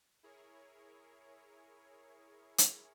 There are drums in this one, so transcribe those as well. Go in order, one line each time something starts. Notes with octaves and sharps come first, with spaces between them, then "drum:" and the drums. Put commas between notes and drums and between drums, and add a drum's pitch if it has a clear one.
E4 G#4 A#4 C#5
drum: hi-hat